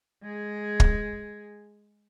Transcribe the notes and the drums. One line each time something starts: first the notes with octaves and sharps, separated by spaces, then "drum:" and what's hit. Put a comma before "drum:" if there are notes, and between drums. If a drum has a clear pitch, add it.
G#3 G#4
drum: kick